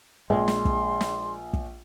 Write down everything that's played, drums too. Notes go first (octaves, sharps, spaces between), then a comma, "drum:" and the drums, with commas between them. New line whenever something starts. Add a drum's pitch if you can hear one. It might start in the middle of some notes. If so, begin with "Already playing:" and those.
A#1 G#3 C6
drum: snare
drum: kick
drum: snare
drum: kick